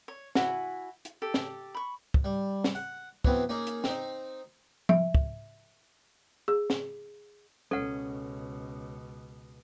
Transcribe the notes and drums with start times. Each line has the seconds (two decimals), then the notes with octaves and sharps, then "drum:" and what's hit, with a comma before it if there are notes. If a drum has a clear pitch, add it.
0.08 C#5
0.35 E4 F#4 G#5, drum: snare
1.05 drum: hi-hat
1.22 G4 A4
1.34 drum: snare
1.75 B5 C#6
2.14 drum: kick
2.24 G3
2.64 drum: snare
2.75 F#5
3.25 E3 F#3 B3 C4, drum: kick
3.49 A#3 C#4 D#4 G#4
3.67 drum: hi-hat
3.84 C4 D#4, drum: snare
4.89 E5, drum: tom F3
5.15 drum: kick
6.48 G#4
6.70 drum: snare
7.71 C#2 B2 C#4 A4 F#5